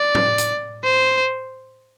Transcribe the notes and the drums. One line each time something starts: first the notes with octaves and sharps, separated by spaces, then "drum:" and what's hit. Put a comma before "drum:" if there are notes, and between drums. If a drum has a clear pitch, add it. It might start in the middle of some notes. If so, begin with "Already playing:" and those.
Already playing: D5
drum: tom
drum: hi-hat
C5